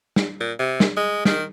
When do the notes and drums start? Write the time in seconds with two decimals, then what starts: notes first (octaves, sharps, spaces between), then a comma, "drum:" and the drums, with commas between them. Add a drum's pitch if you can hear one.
0.16 drum: snare
0.40 A#2
0.59 C3
0.80 drum: snare
0.97 G#3
1.25 D#3, drum: snare